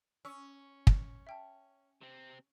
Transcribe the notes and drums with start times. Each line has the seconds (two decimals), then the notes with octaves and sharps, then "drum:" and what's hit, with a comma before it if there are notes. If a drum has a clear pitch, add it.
0.25 C#4 C#6 E6
0.87 drum: kick
1.27 E5 G5 A5
2.01 C3 C4